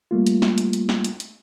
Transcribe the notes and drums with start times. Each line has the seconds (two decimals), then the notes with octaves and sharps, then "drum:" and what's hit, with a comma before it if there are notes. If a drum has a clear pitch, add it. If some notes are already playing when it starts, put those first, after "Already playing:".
0.11 G3 A3 A#3 F4
0.27 drum: hi-hat
0.42 drum: snare
0.58 drum: hi-hat
0.73 drum: hi-hat
0.89 drum: snare
1.04 drum: hi-hat
1.20 drum: hi-hat